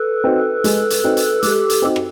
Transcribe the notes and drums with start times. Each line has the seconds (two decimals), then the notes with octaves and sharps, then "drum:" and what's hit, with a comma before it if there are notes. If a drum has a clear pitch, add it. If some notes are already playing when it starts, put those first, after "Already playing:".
Already playing: A4 B4
0.24 C4 D#4 F#4
0.64 G#3, drum: hi-hat
0.90 drum: hi-hat
1.03 C4 D#4 F#4
1.17 drum: hi-hat
1.43 G#3 G4 A4, drum: hi-hat
1.70 drum: hi-hat
1.82 C4 D#4 F#4
1.96 drum: rim click